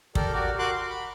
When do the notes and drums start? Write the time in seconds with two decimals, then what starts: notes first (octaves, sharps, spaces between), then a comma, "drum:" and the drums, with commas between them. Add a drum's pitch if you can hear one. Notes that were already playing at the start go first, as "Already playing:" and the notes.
0.15 G4 A4 A#4 D5, drum: kick
0.33 F#4 G4 A#4 D5
0.59 F#4 A#4 C6 D6 F#6
0.72 C6
0.90 B5